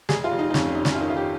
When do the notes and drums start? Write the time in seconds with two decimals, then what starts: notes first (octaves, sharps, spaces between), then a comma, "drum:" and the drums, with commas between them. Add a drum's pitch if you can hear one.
0.09 F1 G#4, drum: snare
0.24 F4
0.31 F1
0.39 D#4
0.50 D#4
0.54 F2 C#4, drum: snare
0.75 F1 D#4
0.85 C#4, drum: snare
0.95 F4
1.00 D#3 D#4
1.10 F4
1.17 G4